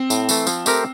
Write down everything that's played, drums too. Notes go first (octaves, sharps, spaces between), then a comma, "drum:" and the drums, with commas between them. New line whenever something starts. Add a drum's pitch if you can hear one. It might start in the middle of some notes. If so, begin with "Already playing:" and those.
Already playing: C4
A2, drum: tambourine
E3 A3, drum: tambourine
F3, drum: tambourine
A3 C4 G4 A#4, drum: tambourine